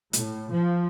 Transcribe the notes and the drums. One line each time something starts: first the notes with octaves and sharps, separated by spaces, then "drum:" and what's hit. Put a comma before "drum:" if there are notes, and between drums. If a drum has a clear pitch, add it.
A2, drum: hi-hat
F3